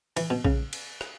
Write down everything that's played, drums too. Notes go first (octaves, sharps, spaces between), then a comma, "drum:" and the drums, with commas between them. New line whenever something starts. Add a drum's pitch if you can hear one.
E3, drum: cymbal
B2
C#3, drum: kick A#1
drum: cymbal
drum: rim click